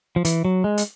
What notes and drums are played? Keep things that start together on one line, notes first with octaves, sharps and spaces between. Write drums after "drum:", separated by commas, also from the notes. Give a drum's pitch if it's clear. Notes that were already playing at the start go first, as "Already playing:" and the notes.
F3
E3, drum: hi-hat
F#3
G#3
drum: hi-hat